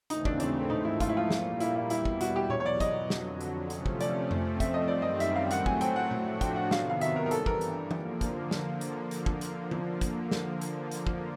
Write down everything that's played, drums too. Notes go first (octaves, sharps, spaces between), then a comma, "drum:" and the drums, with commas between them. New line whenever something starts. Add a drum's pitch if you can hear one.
D#2 C#3 E3 A3 C4 D#4, drum: hi-hat
D4, drum: kick
D4, drum: hi-hat
G#2 F3 A3 D#4, drum: tom A#2
E4
F4, drum: kick, hi-hat
E4
F4
A#2 G3 A#3, drum: snare
E4, drum: hi-hat
E4
E2 B2 G3 E4, drum: hi-hat
drum: kick
F#4, drum: hi-hat
G4
E2 B2 F#3 C#5, drum: tom A#2
C#5
D5
D#5, drum: kick, hi-hat
F2 D3 F#3, drum: snare
drum: hi-hat
C3 F3 A3 C#4, drum: hi-hat
drum: kick
D5, drum: hi-hat
F3 A3 C4, drum: tom F2
E5, drum: kick, hi-hat
D#5
F#2 D#3 G3 C4 D5
D#5
E5, drum: hi-hat
F5
A2 F#3 A3 C4 F#5, drum: hi-hat
G#5, drum: kick
G5, drum: hi-hat
F#5
A2 F3 A3 D4 F#4, drum: tom A#2
G5, drum: kick, hi-hat
F#5
C3 D#3 F#3 B3 F5, drum: snare
F5
E5, drum: hi-hat
A#4
A#4
G2 E3 G3 A4, drum: hi-hat
A#4, drum: kick
drum: hi-hat
D3 F3 A#3, drum: tom E3
drum: kick, hi-hat
drum: snare
drum: hi-hat
drum: hi-hat
drum: kick
drum: hi-hat
drum: tom D3
drum: kick, hi-hat
drum: snare
drum: hi-hat
drum: hi-hat
drum: kick